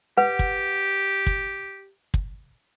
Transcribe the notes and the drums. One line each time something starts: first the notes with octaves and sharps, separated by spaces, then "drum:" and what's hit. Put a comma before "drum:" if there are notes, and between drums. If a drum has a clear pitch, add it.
G4 B4 F#5
drum: kick
drum: kick
drum: kick